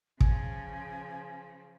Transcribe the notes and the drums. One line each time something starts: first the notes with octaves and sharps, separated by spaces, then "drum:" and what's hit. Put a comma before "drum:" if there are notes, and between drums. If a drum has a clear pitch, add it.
C#3 F3 G#5, drum: kick